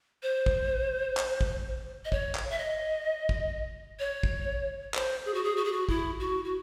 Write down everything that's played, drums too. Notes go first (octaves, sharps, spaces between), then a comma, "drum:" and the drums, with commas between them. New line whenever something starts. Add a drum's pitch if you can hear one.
C5
drum: kick
drum: clap
drum: kick
D#5
C#5, drum: kick
drum: clap
E5
D#5
drum: kick
C#5
drum: kick
C5, drum: clap
G#4
F#4
G#4
F#4
G#4
F#4
E4, drum: kick
F#4
F#4